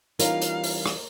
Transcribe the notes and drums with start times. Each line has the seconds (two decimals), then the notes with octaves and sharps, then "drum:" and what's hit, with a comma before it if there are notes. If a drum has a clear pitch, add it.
0.20 E3 G3 C#4 D#4 F4 A#4 F5, drum: hi-hat
0.42 drum: hi-hat
0.64 drum: open hi-hat
0.86 drum: rim click